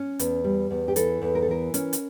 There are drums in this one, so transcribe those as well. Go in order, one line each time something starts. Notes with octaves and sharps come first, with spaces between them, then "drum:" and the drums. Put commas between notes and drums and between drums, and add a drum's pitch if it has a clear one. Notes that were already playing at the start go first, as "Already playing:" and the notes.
Already playing: C#4
E2, drum: hi-hat
G3
E2
G4
E3 A4, drum: hi-hat
E2
A#4
A4
E3 A#4
C#4, drum: hi-hat
drum: hi-hat